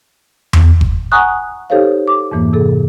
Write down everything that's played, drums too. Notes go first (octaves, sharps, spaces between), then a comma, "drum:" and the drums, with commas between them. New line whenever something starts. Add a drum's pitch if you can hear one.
drum: tom E2
drum: kick F#1
F#5 G#5 A#5 C#6 D#6 F#6
D#4 G4 A4 C5 C#5 F5
D6
F2 G#2 E3 A#3
C3 G#4 A4